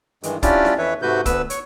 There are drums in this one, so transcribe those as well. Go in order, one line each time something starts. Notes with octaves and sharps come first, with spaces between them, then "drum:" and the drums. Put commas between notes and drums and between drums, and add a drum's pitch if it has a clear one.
G2 D#3 E3 G#3, drum: hi-hat
C#4 D4 E4 F4 G4 D5, drum: kick, hi-hat
drum: snare D4
F2 E3 B4 C#5 E5
G#2 C3 A3 F#4 B4 G6
D2 B3 B4 E6, drum: kick, hi-hat
C#5 C#6, drum: hi-hat